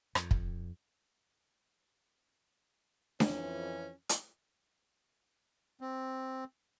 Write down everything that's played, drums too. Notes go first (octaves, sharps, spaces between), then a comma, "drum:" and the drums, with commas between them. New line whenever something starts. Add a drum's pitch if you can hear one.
F2, drum: rim click
drum: kick
F2 E3 C#4, drum: snare D4
drum: hi-hat
C4